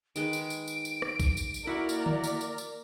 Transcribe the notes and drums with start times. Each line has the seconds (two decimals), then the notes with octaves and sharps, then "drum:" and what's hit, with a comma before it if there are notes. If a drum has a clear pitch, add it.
0.16 D#3 G#3 B4 D7, drum: tambourine
0.33 drum: tambourine
0.50 drum: tambourine
0.68 drum: tambourine
0.85 drum: tambourine
1.02 drum: rim click
1.20 drum: kick B1, tambourine
1.37 drum: tambourine
1.54 drum: tambourine
1.67 A#3 E4 F#4 A#4 D5 F#5
1.89 drum: tambourine
2.06 drum: tom D3
2.23 drum: tambourine
2.41 drum: tambourine
2.58 drum: tambourine